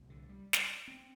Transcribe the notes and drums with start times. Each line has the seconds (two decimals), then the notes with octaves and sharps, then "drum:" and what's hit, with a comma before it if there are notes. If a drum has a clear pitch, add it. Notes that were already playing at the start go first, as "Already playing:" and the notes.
Already playing: C2 A#2
0.10 D3
0.29 G3
0.53 drum: snare
0.88 C4